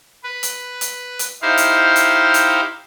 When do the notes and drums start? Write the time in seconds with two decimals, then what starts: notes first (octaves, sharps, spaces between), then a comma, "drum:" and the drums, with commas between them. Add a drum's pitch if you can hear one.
0.24 B4
0.43 drum: hi-hat
0.81 drum: hi-hat
1.19 drum: hi-hat
1.42 D#4 E4 G4 C5 F5 C6
1.58 drum: hi-hat
1.96 drum: hi-hat
2.34 drum: hi-hat